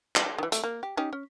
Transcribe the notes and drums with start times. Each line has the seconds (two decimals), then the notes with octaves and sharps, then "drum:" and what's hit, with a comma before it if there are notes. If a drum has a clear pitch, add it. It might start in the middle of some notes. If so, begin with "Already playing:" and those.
0.16 drum: clap
0.38 D#3 E3
0.52 A3, drum: hi-hat
0.64 A#3
0.83 G4
0.97 C#4 D#4 G4
1.13 C#4